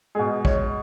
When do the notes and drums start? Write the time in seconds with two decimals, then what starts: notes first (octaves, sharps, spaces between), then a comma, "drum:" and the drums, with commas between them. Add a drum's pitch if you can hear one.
0.15 B2 G#3 G#4
0.45 C#5, drum: kick